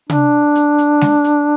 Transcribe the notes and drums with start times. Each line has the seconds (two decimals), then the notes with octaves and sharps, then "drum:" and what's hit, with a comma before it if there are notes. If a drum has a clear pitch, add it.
0.10 D4, drum: tom C3
0.55 drum: hi-hat
0.78 drum: hi-hat
1.01 drum: snare G#3
1.24 drum: hi-hat